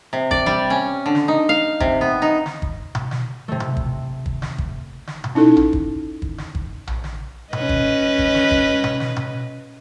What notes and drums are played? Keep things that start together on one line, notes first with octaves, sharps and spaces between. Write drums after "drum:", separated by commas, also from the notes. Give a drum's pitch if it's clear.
C3
D5, drum: kick
G3
C#4
D3
drum: snare
D#4
F5
C3, drum: kick
B3
D#4
drum: snare
drum: kick
drum: tom B2
drum: snare
C3 A3
drum: tom B2
drum: kick
drum: kick
drum: snare
drum: kick
drum: snare
drum: tom B2
C#4 D#4 E4 A4
drum: tom A#1
drum: kick
drum: kick
drum: snare
drum: kick
drum: tom A#1
drum: snare
C#4 B4 D#5, drum: tom B2
drum: kick
drum: kick
drum: snare
drum: kick
drum: tom B2
drum: snare
drum: tom B2